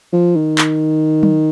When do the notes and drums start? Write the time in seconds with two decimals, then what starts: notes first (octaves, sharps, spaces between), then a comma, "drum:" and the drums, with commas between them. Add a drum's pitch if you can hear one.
0.13 F3
0.36 D#3
0.58 drum: clap
1.23 drum: tom F#3